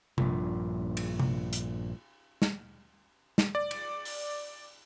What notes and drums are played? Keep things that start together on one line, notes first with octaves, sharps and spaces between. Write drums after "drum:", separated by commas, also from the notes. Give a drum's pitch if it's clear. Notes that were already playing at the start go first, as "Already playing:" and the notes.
A#1 G2 A#2, drum: tom C3
drum: cymbal
drum: tom C3
drum: hi-hat
drum: snare
drum: snare
D5
drum: cymbal
drum: open hi-hat